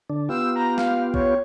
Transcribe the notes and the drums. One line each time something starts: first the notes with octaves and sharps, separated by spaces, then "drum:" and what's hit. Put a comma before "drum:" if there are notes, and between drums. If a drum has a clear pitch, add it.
D3 D4
B3 F4 G4 E6
A#5
F5, drum: snare
C#5, drum: kick A#1